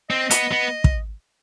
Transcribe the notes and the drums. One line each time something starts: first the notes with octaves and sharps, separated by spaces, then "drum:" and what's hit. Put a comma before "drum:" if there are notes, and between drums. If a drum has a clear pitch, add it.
C4 D#5
B3, drum: hi-hat
B3
drum: kick